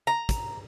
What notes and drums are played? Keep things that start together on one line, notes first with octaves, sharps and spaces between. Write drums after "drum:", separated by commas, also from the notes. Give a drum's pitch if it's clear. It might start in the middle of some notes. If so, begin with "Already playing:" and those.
A#5
drum: kick, hi-hat